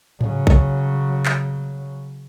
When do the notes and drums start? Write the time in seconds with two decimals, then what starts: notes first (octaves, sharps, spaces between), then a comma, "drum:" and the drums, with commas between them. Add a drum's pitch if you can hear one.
0.21 C#3 F#3, drum: tom G#2
0.47 drum: kick A#1
1.26 drum: clap